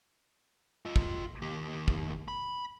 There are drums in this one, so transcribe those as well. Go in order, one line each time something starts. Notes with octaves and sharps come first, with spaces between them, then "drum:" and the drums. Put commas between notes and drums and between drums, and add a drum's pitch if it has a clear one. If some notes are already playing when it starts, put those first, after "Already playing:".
F4 D#5
drum: kick
D#2 G4
drum: kick
B5